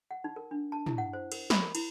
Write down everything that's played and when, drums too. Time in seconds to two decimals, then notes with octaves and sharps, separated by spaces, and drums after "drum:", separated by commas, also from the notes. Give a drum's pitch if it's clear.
0.11 F#5
0.24 D#4
0.36 A#4
0.51 D4
0.72 A5
0.86 E4, drum: tom
0.98 F#5
1.13 C5
1.32 A#4, drum: cymbal
1.50 B5, drum: snare
1.62 A#4
1.75 E4, drum: cymbal